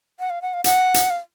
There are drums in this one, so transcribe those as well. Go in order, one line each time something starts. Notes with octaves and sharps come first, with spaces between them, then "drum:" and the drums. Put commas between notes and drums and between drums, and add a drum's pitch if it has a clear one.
F#5
F5
F#5
F5
F#5, drum: hi-hat
drum: hi-hat
F5